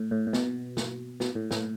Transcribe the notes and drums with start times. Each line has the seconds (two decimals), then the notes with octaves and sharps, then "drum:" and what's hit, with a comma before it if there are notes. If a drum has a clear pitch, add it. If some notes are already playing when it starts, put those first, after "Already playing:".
Already playing: A2
0.11 A2
0.27 A2
0.33 B2, drum: snare
0.77 drum: snare
1.20 B2, drum: snare
1.35 A2
1.51 A2, drum: snare